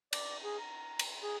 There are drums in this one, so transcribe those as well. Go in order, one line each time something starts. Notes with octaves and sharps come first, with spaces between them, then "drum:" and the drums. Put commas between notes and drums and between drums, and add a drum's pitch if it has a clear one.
D5, drum: cymbal
G#4
A#5
drum: cymbal
G#4